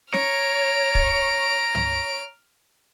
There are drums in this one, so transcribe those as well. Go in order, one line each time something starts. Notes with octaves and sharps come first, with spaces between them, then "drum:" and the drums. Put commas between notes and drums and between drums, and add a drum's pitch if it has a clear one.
C#5 A#5 F6 D7, drum: snare
drum: kick
drum: tom